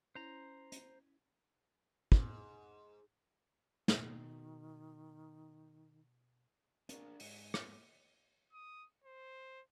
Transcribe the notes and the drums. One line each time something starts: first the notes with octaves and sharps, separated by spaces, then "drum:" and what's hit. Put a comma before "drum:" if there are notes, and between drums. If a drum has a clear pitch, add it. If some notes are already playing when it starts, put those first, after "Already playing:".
C#4 E4 C5 A#5
drum: hi-hat
G#2, drum: kick
B2 D#3, drum: snare
D4 F4 A#4, drum: hi-hat
G#2 G4, drum: open hi-hat
drum: rim click
D#6
C5